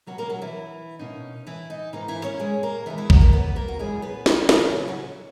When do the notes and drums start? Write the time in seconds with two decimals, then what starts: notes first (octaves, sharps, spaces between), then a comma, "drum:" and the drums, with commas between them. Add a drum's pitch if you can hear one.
0.06 B2 F#3 A#3 C#4 F#4
0.18 A#3 A#4
0.30 F#3 F#4
0.42 E3 E4
0.99 B2 A#3 C#4 D#4
1.47 E3 E4
1.70 D#4
1.93 G#2 E3 A#3 D#4
2.08 E3 E4
2.24 C#4 C#5
2.39 G#3 G#4
2.63 A#3 A#4
2.86 E2 D#3 E3 G#3 E4
2.98 E3 E4
3.10 F#3 F#4, drum: kick A1
3.21 A#3 A#4
3.33 B3 B4
3.56 A#3 A#4
3.68 F#4
3.79 F#2 C#3 E3 G#3 B3 G#4
4.02 B3 B4
4.26 A#3 A#4, drum: snare
4.49 C#4 C#5, drum: snare
4.61 B3 B4
4.72 C#3 E3 F#3 C#4 E4
4.88 F#3 F#4